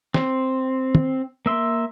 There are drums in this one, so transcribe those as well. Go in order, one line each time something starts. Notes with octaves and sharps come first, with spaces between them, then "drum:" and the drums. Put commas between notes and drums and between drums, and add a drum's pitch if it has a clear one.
C4, drum: snare
drum: tom
A#3 E5 C6